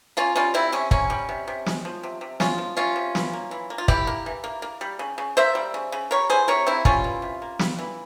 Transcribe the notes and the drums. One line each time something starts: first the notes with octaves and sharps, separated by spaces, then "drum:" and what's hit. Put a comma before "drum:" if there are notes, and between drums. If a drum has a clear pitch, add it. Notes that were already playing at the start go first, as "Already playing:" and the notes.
A#3 C#4 F4
G3 C#4 F4
C3 C4 E4
C3 C#4
A#3 C#4, drum: kick
G3
C3
C3
G#3, drum: snare
F3
C3
C3
G#3 C#4 F4, drum: snare
F3
C3 C#4 F4
C3
E3, drum: snare
A#3
E3
A#3
F4
E3 E4 G4, drum: kick
A#3
E3
A#3
A#3
G3
C#3
C#3
A#3 C5 E5
G3
C#3
C#3
G3 A#4 C#5
E3 G#4 C5
C3 A#4 C#5
A#3 C4 E4
G3 C#4 F4, drum: kick
E3
C3
A#3
G3, drum: snare
E3